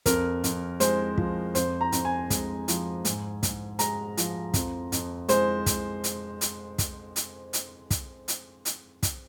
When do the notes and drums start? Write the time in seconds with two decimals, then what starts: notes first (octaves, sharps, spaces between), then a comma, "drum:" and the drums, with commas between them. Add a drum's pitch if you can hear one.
0.06 F2 A#4, drum: kick, hi-hat
0.44 F2, drum: hi-hat
0.80 G#3 C5, drum: hi-hat
1.18 F3, drum: kick
1.55 F2 C5, drum: hi-hat
1.81 A#5
1.92 F2, drum: hi-hat
2.05 G#5
2.30 G#3, drum: kick, hi-hat
2.68 F3, drum: hi-hat
3.05 G#2, drum: hi-hat
3.43 G#2, drum: kick, hi-hat
3.79 G#3 A#5, drum: hi-hat
4.17 F3, drum: hi-hat
4.54 F2, drum: kick, hi-hat
4.92 F2, drum: hi-hat
5.29 G#3 C5, drum: hi-hat
5.66 drum: kick, hi-hat
6.04 drum: hi-hat
6.41 drum: hi-hat
6.78 drum: kick, hi-hat
7.16 drum: hi-hat
7.53 drum: hi-hat
7.91 drum: kick, hi-hat
8.28 drum: hi-hat
8.65 drum: hi-hat
9.03 drum: kick, hi-hat